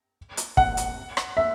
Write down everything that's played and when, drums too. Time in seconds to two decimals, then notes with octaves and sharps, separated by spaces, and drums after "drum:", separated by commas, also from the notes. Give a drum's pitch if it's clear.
0.37 drum: hi-hat
0.57 F#5, drum: kick
0.77 drum: hi-hat
1.17 drum: rim click
1.37 E5